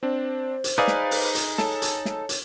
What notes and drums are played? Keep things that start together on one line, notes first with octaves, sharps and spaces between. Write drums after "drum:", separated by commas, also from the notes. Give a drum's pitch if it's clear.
C4 D4 C5
drum: hi-hat
D#4 G#4 B4 D5 F5
drum: snare
drum: open hi-hat
drum: hi-hat
A4 C#5 A5, drum: snare
drum: hi-hat
drum: snare
drum: hi-hat